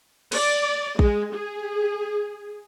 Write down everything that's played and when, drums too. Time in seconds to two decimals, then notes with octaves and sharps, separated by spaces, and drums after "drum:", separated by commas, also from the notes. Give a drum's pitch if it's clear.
0.32 D5, drum: cymbal
0.99 G#3, drum: kick
1.33 G#4